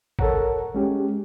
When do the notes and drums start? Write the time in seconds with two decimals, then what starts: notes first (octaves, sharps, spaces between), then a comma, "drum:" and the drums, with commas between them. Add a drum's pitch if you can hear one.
0.19 A4 A#4 C#5 F#5 A#5, drum: kick
0.75 G#3 C#4 G4